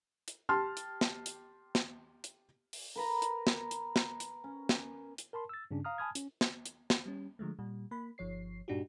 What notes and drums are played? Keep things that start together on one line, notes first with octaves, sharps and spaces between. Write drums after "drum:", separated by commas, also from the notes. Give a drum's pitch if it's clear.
drum: hi-hat
G4 A5 C6 F6
drum: hi-hat
drum: snare
drum: hi-hat
drum: snare
drum: hi-hat
drum: open hi-hat
A#4 B4 A#5
drum: hi-hat
drum: snare
drum: hi-hat
drum: snare
drum: hi-hat
C#4
drum: snare
drum: hi-hat
A#4 A5 B5 C6
E6 A6
G2 C#3 C#4 D4
F5 A#5 D#6 F6
G#5 A5 B5 D#6 F6 G#6
C#4, drum: hi-hat
drum: snare
drum: hi-hat
drum: snare
G3 C#4
D3 F3 G#3 A3
A#2 G3
A#3 B5
G1 F3 C#5 C7
G2 A#2 D4 D#4 F#4 G4